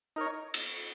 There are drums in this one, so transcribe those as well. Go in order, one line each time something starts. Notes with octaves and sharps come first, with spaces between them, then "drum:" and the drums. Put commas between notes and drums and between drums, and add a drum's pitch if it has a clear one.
D#4 A#4 C#5
drum: cymbal